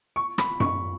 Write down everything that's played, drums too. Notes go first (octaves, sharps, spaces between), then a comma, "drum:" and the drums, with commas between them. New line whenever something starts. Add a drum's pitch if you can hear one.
C#6
B5, drum: rim click
C#6, drum: tom F#2